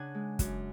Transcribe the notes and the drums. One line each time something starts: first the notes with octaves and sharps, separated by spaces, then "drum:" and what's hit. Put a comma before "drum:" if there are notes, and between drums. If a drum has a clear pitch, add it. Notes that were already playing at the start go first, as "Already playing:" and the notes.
Already playing: C#3 D4 F#5 G#5
G#3
F#2, drum: kick, hi-hat